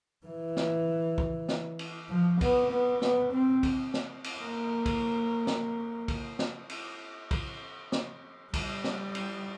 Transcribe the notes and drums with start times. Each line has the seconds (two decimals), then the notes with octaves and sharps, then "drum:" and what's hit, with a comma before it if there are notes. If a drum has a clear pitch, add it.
0.26 E3
0.57 drum: snare
1.18 drum: kick B1
1.49 drum: snare
1.79 drum: cymbal
2.10 F3
2.41 B3, drum: kick B1, cymbal
2.71 B3
3.02 B3, drum: snare
3.33 C4
3.63 drum: kick B1, cymbal
3.94 drum: snare
4.24 drum: cymbal
4.40 A#3
4.86 drum: kick B1, cymbal
5.47 drum: snare
6.08 drum: kick B1, cymbal
6.39 drum: snare
6.70 drum: cymbal
7.31 drum: kick B1, cymbal
7.92 drum: snare
8.54 G3, drum: kick B1, cymbal
8.84 drum: snare
9.15 drum: cymbal